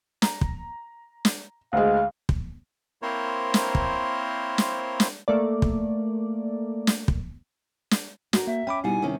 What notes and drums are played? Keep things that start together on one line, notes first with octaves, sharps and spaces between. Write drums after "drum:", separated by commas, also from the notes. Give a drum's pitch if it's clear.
A#5, drum: snare
drum: kick
drum: snare
D2 G#3 F5
drum: kick
A#3 C4 E4 A#4 C5 C#5
drum: snare
drum: kick
drum: snare
drum: snare
A3 A#3 D5
drum: kick
drum: snare
drum: kick
drum: snare
F#4 A#4, drum: snare
A#3 E5
C#4 G5 B5 D6
B2 G3 D#4 E4 F#5 G#5
C3 D#3 C#4